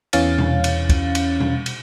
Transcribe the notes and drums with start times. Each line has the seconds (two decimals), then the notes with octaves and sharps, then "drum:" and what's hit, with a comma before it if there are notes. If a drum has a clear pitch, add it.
0.13 E2 E3 C#4 F5 A6, drum: cymbal
0.38 drum: tom B2
0.64 drum: cymbal
0.89 drum: kick, cymbal
1.15 drum: cymbal
1.40 drum: tom B2
1.66 drum: cymbal